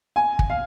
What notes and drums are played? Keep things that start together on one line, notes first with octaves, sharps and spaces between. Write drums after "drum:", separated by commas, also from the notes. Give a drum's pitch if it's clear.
G#5
drum: kick
F5